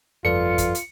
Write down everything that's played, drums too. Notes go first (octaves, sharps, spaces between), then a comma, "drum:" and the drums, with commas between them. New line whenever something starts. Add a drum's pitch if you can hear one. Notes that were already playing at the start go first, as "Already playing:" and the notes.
G1 F2 F4 A4 B4 D5 C#7
drum: kick, hi-hat
drum: hi-hat